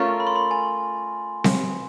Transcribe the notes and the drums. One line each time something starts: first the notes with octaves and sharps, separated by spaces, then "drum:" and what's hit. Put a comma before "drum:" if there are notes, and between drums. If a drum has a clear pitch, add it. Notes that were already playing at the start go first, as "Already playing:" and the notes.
Already playing: A3 C#4 F4 A#4 C#5
B5
C6
B5
G#5
drum: snare C4